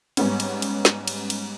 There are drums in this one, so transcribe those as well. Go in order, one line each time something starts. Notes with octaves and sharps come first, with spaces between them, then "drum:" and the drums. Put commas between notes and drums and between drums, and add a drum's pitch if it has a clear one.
G#2 G3 B3 C#4, drum: cymbal
drum: cymbal
drum: cymbal
drum: snare
drum: cymbal
drum: cymbal